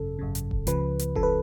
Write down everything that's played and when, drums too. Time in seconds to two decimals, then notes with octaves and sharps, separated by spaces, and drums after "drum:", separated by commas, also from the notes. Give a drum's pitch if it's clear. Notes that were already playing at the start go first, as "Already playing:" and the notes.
Already playing: G#1 F#2 C#3 A4
0.19 G#1 F#2 C#3
0.35 drum: hi-hat
0.51 drum: kick E1
0.67 C#2 C#3 F3 B4, drum: hi-hat
0.99 drum: hi-hat
1.15 C#3 F3 A4, drum: kick E1
1.23 B4